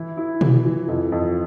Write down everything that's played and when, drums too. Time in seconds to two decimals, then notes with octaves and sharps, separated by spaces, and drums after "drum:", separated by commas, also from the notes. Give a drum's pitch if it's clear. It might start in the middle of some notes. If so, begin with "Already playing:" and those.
Already playing: E3 E4
0.17 E4
0.41 E3, drum: tom B2
0.64 E3
0.88 F2
1.12 F2